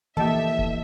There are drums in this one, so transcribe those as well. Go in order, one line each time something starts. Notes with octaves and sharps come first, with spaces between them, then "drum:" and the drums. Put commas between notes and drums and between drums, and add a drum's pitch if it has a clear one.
E3 F3 A#3 G4 A4 D#5 E5
drum: kick E1